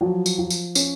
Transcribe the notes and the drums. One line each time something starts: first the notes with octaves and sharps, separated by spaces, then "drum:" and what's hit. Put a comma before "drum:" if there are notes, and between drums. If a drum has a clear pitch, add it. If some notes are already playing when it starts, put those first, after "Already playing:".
F3 F#3
drum: tambourine
F3
drum: tambourine
C#4, drum: tambourine